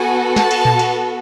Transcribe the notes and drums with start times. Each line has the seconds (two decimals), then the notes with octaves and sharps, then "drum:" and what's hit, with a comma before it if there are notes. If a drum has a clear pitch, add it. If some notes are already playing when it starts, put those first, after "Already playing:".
Already playing: B3 F#4 A4 G#5
0.36 A5, drum: snare
0.51 drum: cymbal
0.65 drum: tom A#2
0.79 drum: cymbal